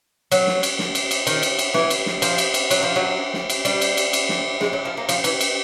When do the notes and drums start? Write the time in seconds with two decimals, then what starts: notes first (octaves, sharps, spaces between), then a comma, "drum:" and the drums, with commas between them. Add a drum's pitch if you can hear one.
0.32 F#3, drum: cymbal
0.47 drum: snare
0.63 drum: cymbal
0.79 drum: snare
0.95 drum: cymbal
1.11 drum: cymbal
1.27 D#3, drum: cymbal
1.43 drum: cymbal
1.59 drum: cymbal
1.74 E3, drum: snare
1.90 drum: cymbal
2.06 drum: snare
2.22 F3, drum: cymbal
2.38 drum: cymbal
2.54 drum: cymbal
2.71 F#3, drum: cymbal
2.83 F3
2.96 F#3
3.34 drum: snare
3.50 drum: cymbal
3.65 G3, drum: cymbal
3.81 drum: cymbal
3.97 drum: cymbal
4.13 drum: cymbal
4.29 drum: snare
4.61 G#3, drum: snare
4.73 F#3
4.85 F3
4.97 A#3
5.09 F3, drum: cymbal
5.24 E3, drum: cymbal
5.41 drum: cymbal